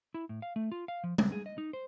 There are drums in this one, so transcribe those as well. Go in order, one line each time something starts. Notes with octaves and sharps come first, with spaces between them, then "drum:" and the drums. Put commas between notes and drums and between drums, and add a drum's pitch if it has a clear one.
E4
A2
F5
A3
F4
F5
F3
C#2, drum: tom G3
G#4
D#5
D#4
C5